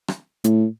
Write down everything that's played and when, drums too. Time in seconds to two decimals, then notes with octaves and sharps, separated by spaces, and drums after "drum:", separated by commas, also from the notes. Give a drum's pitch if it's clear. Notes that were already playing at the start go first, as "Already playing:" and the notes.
0.08 drum: rim click
0.44 A2, drum: hi-hat